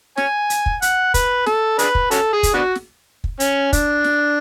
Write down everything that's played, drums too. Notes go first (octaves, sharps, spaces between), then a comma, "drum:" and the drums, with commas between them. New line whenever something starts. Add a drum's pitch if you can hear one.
C#5 G#5, drum: snare
drum: hi-hat
drum: kick
F#5, drum: hi-hat
B4, drum: kick, hi-hat
A4, drum: snare
D4 G#4 B4, drum: hi-hat
drum: kick
C#4 F#4 A4, drum: hi-hat
G#4
drum: kick, hi-hat
B3 D4 F#4
drum: snare
drum: kick
C#4, drum: hi-hat
D4, drum: kick, hi-hat
drum: snare